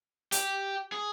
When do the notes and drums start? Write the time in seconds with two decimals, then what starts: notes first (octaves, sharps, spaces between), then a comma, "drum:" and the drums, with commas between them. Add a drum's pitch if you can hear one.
0.32 G4, drum: hi-hat
0.92 G#4